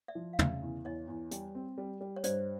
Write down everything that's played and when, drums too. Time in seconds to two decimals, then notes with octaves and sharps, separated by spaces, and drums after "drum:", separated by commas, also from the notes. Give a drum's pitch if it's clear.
0.08 D5 E5
0.15 F3
0.33 F5
0.39 C#3 D5 E5, drum: tom
0.62 E2
0.85 E2 C#5 D#5
1.08 E2
1.31 G3, drum: hi-hat
1.55 C4
1.78 G3
2.01 G3
2.16 C#5
2.24 G2 C5 D5, drum: hi-hat